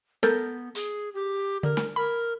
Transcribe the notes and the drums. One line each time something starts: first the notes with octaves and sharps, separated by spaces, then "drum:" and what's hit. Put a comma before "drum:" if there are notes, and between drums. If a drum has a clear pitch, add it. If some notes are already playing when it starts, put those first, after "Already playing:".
B3 A4 A#4 G6, drum: snare
G#4, drum: hi-hat
G4
D3 A#4
drum: snare
A#4 B5